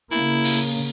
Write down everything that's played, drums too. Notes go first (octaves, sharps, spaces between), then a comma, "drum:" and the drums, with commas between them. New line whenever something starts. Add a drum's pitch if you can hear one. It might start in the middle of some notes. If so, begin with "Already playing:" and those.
C#3 A#3 E4
drum: open hi-hat